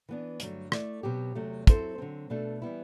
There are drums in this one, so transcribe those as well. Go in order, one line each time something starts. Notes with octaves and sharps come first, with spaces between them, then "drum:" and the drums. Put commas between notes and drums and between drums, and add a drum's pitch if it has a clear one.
E3 B3 D4
G2 D3 F#3 A3, drum: hi-hat
A3 E4 A4 D5, drum: rim click
B2 F#3 C4 G4
E2 C3 F#3 A3
F#3 C4 E4 A4 C5, drum: kick, hi-hat
D3 F#3 C4
B2 A3 D4 A4
E3 G3 B3 E4